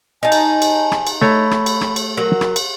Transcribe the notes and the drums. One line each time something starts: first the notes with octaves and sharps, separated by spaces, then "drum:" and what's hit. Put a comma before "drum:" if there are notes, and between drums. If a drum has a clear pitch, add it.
D#4 G#5 A5
drum: cymbal
drum: cymbal
drum: rim click
drum: cymbal
A3 C#5 B5
drum: rim click
drum: cymbal
drum: rim click
drum: cymbal
F#3 F#4 A#4
drum: rim click
drum: cymbal